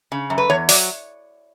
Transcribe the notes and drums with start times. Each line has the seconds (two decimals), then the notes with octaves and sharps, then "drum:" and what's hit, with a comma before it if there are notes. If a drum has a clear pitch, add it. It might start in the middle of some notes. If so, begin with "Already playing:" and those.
0.12 C#3
0.30 F#2
0.38 B4
0.50 E2 C#5
0.69 F#3 D5, drum: open hi-hat